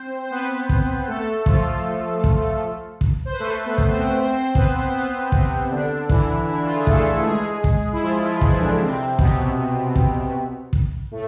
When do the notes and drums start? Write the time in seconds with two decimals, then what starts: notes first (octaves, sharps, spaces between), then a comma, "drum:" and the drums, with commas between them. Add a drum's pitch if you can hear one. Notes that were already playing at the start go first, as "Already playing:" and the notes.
Already playing: C4 C5
0.24 C5
0.31 B3 B4
0.69 drum: kick
1.07 A3 A4
1.46 F3 F4, drum: kick
2.24 drum: kick
3.01 drum: kick
3.25 C5
3.32 B4
3.39 A3 A4
3.65 B3 B4
3.78 drum: kick
3.91 C4 C5
4.17 C4 C5
4.55 B3 B4, drum: kick
4.85 C5
4.94 B3 B4
5.32 C3 C4, drum: kick
5.71 D3 D4
6.09 E3 E4, drum: kick
6.48 E3 E4
6.63 F4
6.75 G#4
6.87 A3 A4, drum: kick
7.25 G#3 G#4
7.64 drum: kick
7.93 E4
8.02 F3 F4
8.22 F3 F4
8.41 E3 E4, drum: kick
8.61 D3 D4
8.80 C3 C4
9.19 B2 B3, drum: kick
9.96 drum: kick
10.73 drum: kick
11.11 A2 A3